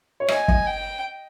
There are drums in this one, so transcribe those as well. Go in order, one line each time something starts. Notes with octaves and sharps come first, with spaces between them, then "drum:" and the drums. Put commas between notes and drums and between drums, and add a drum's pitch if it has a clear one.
C#5
D#5 G#5, drum: rim click
D#5, drum: kick
G5